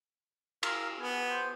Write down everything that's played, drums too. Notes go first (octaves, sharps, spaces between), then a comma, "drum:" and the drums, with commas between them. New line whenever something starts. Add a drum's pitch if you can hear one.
A#4 F5 E6, drum: cymbal
B3 G#5
C5